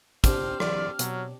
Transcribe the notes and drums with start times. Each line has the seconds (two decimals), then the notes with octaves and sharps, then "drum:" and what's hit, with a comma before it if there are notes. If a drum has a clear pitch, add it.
0.24 C4 D4 G4 C5 F6, drum: kick, hi-hat
0.60 E3 F#3 D5, drum: rim click
0.99 B2 F#3 C#5, drum: hi-hat